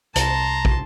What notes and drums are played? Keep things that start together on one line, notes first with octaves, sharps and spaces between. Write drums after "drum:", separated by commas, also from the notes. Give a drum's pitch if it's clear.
C2 A5 A#5 C6, drum: hi-hat
drum: kick